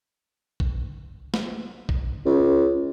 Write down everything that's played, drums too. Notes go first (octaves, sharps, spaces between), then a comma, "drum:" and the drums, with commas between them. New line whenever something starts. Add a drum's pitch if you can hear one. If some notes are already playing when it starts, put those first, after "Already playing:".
drum: kick A#1
drum: snare
drum: kick A#1
C#2